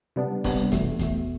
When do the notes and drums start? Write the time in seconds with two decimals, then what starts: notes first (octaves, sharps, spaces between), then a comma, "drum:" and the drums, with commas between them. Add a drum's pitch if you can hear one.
0.16 C3 G3 B3 D4
0.44 C3 G3 B3 D4, drum: kick D#1, open hi-hat
0.72 E2 B2 A3, drum: kick D#1, hi-hat
0.99 E2 B2 A3, drum: kick D#1, hi-hat